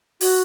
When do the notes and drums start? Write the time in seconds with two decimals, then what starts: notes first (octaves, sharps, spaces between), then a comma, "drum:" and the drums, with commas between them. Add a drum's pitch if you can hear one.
0.21 F#4, drum: open hi-hat